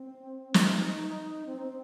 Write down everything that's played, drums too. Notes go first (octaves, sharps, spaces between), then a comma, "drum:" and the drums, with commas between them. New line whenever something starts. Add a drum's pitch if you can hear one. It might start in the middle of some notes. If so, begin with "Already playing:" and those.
Already playing: C4
D#4, drum: snare
C4
C4